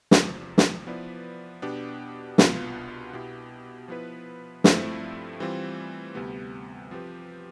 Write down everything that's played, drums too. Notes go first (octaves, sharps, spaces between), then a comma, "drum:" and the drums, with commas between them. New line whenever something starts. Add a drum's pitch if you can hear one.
E2 C3 F3, drum: snare
drum: snare
F3 B3 E4 B4 D5
B2 B3 D4 G4
C2 B2 B3 F4, drum: snare
B2 B3 E4 G4
F3 B3 E4 B4
G2 F3 A3 C4 E4, drum: snare
E3 G3 C4 F4
D2 C3 G3 B3
F3 C4 G4 B4